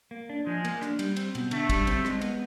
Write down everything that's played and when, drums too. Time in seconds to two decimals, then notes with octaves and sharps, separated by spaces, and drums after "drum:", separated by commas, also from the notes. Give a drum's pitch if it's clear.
0.11 A#3
0.29 D4
0.46 F3 G#3
0.65 A#3, drum: cymbal
0.82 D4, drum: rim click
0.99 G3, drum: cymbal
1.16 C4, drum: cymbal
1.35 B2, drum: cymbal
1.51 D3 A3, drum: cymbal
1.69 G3, drum: kick, cymbal
1.87 C4, drum: cymbal
2.05 G#3, drum: rim click
2.21 B3, drum: cymbal